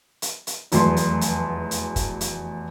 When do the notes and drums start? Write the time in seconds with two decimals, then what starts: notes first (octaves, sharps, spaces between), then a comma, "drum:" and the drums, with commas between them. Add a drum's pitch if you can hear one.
0.22 drum: hi-hat
0.47 drum: hi-hat
0.72 F1 E2 F#3 A3 C6, drum: hi-hat
0.97 drum: hi-hat
1.21 drum: hi-hat
1.71 drum: hi-hat
1.96 drum: kick, hi-hat
2.21 drum: hi-hat